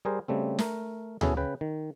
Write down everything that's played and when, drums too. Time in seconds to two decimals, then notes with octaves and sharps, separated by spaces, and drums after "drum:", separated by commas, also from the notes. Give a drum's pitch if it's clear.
0.05 G3 G#4 A#4 C5
0.28 C#3 G3 A3 C4
0.59 A3 A#4, drum: snare
1.21 B3 C#4 E4 F#4 G#4 A4, drum: tom D2
1.37 C#3 B4 G5
1.61 D#3